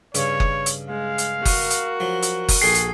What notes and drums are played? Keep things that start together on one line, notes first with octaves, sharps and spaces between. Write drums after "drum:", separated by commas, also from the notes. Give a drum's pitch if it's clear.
G2 C#3 C#5, drum: hi-hat
drum: kick F#1
drum: hi-hat
G#3 F5
drum: hi-hat
F#4 A#4, drum: kick F#1, open hi-hat
drum: hi-hat
F3 F#3
drum: hi-hat
drum: kick F#1, open hi-hat
A#1 G#4 A4 G5 C7
drum: hi-hat